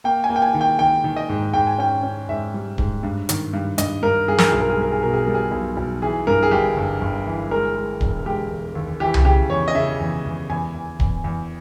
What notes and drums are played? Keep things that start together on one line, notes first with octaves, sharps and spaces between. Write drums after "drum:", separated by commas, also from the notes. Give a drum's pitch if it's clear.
A#3 G5
G#5
A#3
G5
G#5
D#3
G5
D#3 G5
D#3
D#5
G#2
G#2 G5
G#5
C#4 G5
C#4
G#2 E5
G3
G#2, drum: kick D1
G2
D#3, drum: hi-hat
G2
G2 D#5, drum: hi-hat
G2 A#4
G2 G#4
A#4, drum: snare
B1 G#4
A#4
G#4
G3 A#4
G#4
B2 A#4
G#4
G3 A#4
G#4
B1
B1
E3 G#4
G2 A#4
G#4
G1 G4
G1
G1
E3
G#3 A#4
G#3
E1, drum: kick D1
G#3 G4
E1
D#2
E3 G4
drum: tom C2
C#3 G4
E2 C#5
D#5
C#3 E5
E2
E2
E2 G#5
E2
E2, drum: kick D1
E2